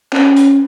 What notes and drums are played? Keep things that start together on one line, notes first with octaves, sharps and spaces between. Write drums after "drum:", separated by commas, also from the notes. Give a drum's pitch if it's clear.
C#4, drum: clap
drum: hi-hat